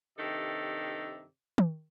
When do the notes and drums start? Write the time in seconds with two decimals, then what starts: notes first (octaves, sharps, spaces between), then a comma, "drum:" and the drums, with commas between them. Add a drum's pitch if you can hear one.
0.19 G2 C3 D#3 A4 D5 E5
1.58 drum: tom